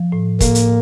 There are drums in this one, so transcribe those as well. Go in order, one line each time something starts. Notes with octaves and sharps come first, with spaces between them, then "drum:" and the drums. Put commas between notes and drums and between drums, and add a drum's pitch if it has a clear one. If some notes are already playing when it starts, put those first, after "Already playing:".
Already playing: F3
A2
A2 A#3, drum: kick, hi-hat
drum: hi-hat